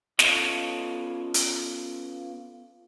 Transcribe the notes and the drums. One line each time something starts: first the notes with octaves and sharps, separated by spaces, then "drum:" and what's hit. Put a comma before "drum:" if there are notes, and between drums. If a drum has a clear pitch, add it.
B3 C#4 F4 A4 C#5 D#5, drum: snare
drum: hi-hat